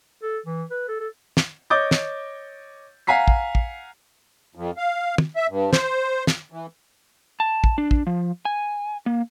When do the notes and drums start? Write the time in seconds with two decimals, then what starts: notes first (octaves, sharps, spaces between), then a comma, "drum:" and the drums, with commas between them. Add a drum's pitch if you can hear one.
0.23 A4
0.46 E3
0.71 B4
0.88 A4
1.00 A4
1.37 drum: snare
1.70 C#5 D#5 D6 G6 A6
1.91 drum: snare
3.07 F5 F#5 G#5 A#5 B6 C7
3.28 drum: kick
3.55 drum: kick
4.55 F2
4.77 F5
5.18 drum: tom
5.36 E5
5.49 G2
5.73 C5, drum: snare
6.27 drum: snare
6.52 E3
7.40 A5
7.64 drum: kick
7.78 D4
7.91 drum: kick
8.07 F3
8.45 G#5
9.06 A#3